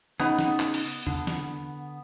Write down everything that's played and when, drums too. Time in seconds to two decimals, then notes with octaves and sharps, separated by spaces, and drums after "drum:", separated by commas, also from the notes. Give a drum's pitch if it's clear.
0.20 C#3 B3 D#4, drum: rim click
0.39 drum: snare
0.60 drum: clap
0.74 drum: open hi-hat
1.07 D3, drum: tom E2
1.27 drum: snare